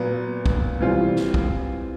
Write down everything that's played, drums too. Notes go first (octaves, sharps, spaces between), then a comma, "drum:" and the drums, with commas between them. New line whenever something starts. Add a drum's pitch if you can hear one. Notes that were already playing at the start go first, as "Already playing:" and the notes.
Already playing: A#2 F#3 B3
drum: kick
E3 G3 C4 F4
drum: snare
drum: kick